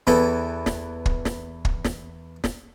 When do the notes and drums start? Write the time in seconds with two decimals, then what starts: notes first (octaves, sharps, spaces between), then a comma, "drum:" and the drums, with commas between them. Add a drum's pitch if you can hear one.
0.07 E2 E3 B3 A4 G5, drum: snare
0.66 drum: snare
1.06 drum: kick
1.25 drum: snare
1.65 drum: kick
1.84 drum: snare
2.44 drum: snare